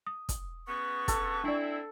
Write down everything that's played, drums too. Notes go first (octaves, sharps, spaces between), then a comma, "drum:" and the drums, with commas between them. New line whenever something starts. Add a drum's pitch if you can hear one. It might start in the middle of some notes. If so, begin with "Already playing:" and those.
D#6
drum: kick, hi-hat
C#3 B3 C#6
A4, drum: kick, hi-hat
C4 D4 E4 D5